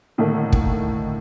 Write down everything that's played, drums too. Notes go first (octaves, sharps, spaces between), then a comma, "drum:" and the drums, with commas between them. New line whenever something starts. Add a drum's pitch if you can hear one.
A2 D3 D#3 A3 A#3
drum: kick